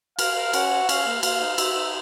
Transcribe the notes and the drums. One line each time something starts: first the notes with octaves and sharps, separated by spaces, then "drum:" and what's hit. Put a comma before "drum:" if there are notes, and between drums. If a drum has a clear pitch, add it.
A#4 F5, drum: cymbal
A#4
C#4 F#5, drum: cymbal
F#4
C#4 F5, drum: cymbal
A#3
A#3 F5, drum: cymbal
D#4
D#4 E5, drum: cymbal
D#4